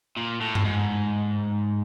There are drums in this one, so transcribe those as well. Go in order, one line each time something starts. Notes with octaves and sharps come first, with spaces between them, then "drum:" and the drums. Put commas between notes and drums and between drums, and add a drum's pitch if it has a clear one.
A#2
A2
drum: tom G2
G#2